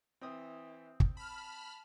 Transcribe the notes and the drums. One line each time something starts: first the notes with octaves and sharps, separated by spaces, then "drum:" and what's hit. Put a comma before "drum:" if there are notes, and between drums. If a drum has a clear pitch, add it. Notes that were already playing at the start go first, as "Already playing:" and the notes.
E3 C4 D#6
drum: kick
A5 B5 F6